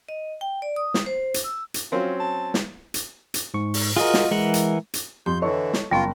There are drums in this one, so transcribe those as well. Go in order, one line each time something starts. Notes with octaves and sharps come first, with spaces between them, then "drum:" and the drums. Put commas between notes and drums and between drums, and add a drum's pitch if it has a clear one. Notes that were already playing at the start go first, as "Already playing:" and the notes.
D#5
G5
D5
D#6
drum: snare
C5
drum: hi-hat
E6
drum: hi-hat
F#3 C4 C#4 F4
A5
drum: snare
drum: hi-hat
drum: hi-hat
G#2 C#6
drum: open hi-hat
F4 F#4 G#4 A#4 D#5
drum: snare
E3 G#3 A#4 F#5
drum: hi-hat
drum: hi-hat
F2 G4 C6 G6
D3 E3 E4 A4 C#5 D#5 C#6
drum: snare
F#1 G3 B3 F4 G5 A5 C#6